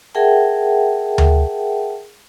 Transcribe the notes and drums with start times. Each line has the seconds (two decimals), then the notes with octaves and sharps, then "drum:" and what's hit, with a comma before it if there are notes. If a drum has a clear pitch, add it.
0.15 G#4 A#4 E5 F#5 G5 A5
1.18 drum: tom D2